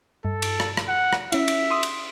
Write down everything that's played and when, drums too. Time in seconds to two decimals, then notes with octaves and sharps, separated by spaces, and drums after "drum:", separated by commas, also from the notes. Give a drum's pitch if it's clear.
0.25 G2 A4
0.42 drum: cymbal
0.60 drum: rim click
0.77 drum: rim click
0.88 F#5
1.13 drum: rim click
1.32 C#4 E4 E5, drum: cymbal
1.48 drum: cymbal
1.71 C6 D#6
1.83 drum: cymbal